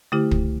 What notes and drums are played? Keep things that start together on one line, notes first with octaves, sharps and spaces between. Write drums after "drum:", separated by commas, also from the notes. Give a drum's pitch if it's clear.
D3 A3 E4 G4
drum: kick